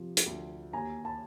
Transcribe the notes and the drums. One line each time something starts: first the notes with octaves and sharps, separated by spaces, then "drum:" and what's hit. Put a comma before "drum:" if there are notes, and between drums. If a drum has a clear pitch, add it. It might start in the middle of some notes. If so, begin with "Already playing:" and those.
Already playing: C3 F3
drum: hi-hat
D2
D#2 G#5 A#5
A5 B5